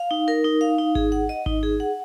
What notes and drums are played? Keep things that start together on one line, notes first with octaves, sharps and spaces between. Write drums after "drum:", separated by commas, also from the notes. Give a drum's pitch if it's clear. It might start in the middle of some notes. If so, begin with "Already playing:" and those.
Already playing: F5
D#4
A#4
D#4
F5
D#4
G#4, drum: kick G#1
F#5
D#5
D#4, drum: kick G#1
G#4
F#5